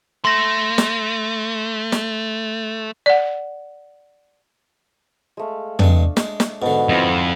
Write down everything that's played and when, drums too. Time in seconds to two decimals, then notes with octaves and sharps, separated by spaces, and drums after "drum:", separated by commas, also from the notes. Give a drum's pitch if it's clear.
0.25 A3 C6 A#6
0.78 drum: snare
1.92 drum: snare
3.06 D5 F#5
5.37 G#3 A3 F5
5.79 G2 G#3 D4, drum: tom
6.17 G#3, drum: snare
6.40 drum: snare
6.62 G#2 B2 D3 B3 F#5
6.89 F2 E4 C5 B5